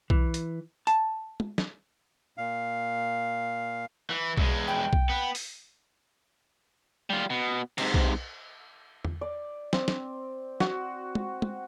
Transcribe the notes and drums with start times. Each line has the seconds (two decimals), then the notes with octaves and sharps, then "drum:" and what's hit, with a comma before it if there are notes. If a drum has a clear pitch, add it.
0.10 E3, drum: kick B1
0.34 drum: hi-hat
0.87 A5, drum: hi-hat
1.40 drum: tom
1.58 drum: snare
2.38 A#2 F5
4.10 E3
4.37 E2 G#3, drum: kick B1
4.68 G5
4.93 drum: kick B1
5.10 B3
5.35 drum: open hi-hat
7.10 G3 F4
7.30 B2
7.78 G#2 C3, drum: cymbal
7.94 drum: kick B1
9.05 drum: tom E2
9.21 D5
9.73 C4, drum: snare
9.88 drum: snare
10.60 F#4, drum: snare
11.15 drum: tom
11.42 drum: tom